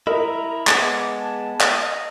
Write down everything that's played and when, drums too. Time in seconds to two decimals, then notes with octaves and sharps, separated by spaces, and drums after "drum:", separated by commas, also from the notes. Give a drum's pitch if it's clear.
0.07 E4 A#4 D#5 E5 A#5
0.67 G#3 B3 D6, drum: clap
1.19 A5
1.61 drum: clap
1.81 D#5